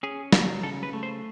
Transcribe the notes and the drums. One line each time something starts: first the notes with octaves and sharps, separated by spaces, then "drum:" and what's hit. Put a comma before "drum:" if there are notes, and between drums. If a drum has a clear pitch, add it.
C#4 G#4
F#3, drum: snare
C#3 A4
B4
A3
C5